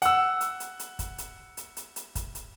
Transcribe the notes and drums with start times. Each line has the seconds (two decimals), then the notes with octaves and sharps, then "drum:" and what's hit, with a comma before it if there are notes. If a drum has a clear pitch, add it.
0.02 F#5 E6, drum: hi-hat
0.41 drum: hi-hat
0.60 drum: hi-hat
0.79 drum: hi-hat
0.99 drum: kick, hi-hat
1.18 drum: hi-hat
1.57 drum: hi-hat
1.77 drum: hi-hat
1.96 drum: hi-hat
2.15 drum: kick, hi-hat
2.35 drum: hi-hat